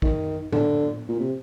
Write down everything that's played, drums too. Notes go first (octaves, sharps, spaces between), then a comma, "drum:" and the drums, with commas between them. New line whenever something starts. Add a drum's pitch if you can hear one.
D#3, drum: kick
D3, drum: tom A2
A#2
C3